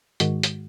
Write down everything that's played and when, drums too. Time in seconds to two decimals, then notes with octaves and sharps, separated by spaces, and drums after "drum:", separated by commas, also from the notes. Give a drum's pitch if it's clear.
0.20 G#2 D#3 G#3 F#4, drum: hi-hat
0.43 drum: hi-hat